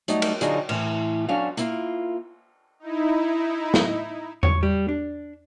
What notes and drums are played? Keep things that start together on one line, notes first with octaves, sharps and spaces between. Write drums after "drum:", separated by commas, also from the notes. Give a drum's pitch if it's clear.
F#3 G3 A3 D#4, drum: hi-hat
drum: cymbal
D3 F#3 D#4 F4 G#4, drum: hi-hat
A2 E3, drum: cymbal
F#3 C#4 D4 A4 F5
A#3 E4 F4, drum: hi-hat
D#4 E4
drum: snare
C#5, drum: tom E2
G3
D4